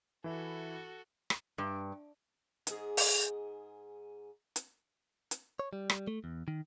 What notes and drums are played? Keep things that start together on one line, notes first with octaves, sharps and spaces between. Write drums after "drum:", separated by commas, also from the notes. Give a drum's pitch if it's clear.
E3 E4 F#4 A4
drum: rim click
G2
G#2 G#4, drum: hi-hat
drum: open hi-hat
drum: hi-hat
drum: hi-hat
C#5
G3
drum: rim click
A3
E2
D#3